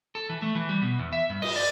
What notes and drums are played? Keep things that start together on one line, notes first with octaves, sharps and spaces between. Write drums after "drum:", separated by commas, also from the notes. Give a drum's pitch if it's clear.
A4
E3
A3
E3
G3
B2
E2
E5
G2
D#5, drum: cymbal
D5